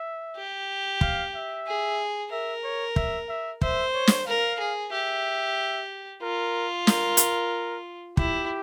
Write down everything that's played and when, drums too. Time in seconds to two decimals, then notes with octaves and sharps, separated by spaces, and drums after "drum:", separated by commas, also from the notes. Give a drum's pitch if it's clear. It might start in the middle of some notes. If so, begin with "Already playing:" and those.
Already playing: E5
0.36 G4
1.01 F5, drum: kick
1.35 E5
1.67 G#4
2.31 A#4 E5
2.64 C#5
2.96 E5, drum: kick
3.29 E5
3.61 C5 E5, drum: kick
3.94 C#5
4.07 drum: snare
4.26 A#4 F5
4.59 G#4
4.92 G4 E5
6.22 F4 A#4
6.87 A#4, drum: snare
7.17 drum: hi-hat
8.17 E4 G4, drum: kick